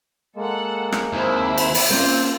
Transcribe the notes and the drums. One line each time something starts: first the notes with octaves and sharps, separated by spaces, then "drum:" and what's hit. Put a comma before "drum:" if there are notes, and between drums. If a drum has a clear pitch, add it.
G#3 A#3 A4 F#5
drum: rim click
D#2 C4 E4 C5
drum: cymbal
drum: open hi-hat
A#3 C4 C#4 F4